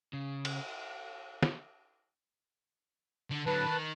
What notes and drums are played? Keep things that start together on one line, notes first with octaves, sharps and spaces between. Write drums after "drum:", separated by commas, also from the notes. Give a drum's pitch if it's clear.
C#3
drum: cymbal
drum: snare
D3
D3 F#3 B4 A5
D#3